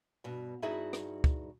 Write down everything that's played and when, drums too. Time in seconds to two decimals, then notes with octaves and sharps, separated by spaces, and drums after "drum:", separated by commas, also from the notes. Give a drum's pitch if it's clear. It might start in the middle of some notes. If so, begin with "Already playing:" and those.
0.24 G2 B2
0.62 G2 D#4 E4 F#4 G#4 E5
0.93 drum: rim click
1.24 drum: kick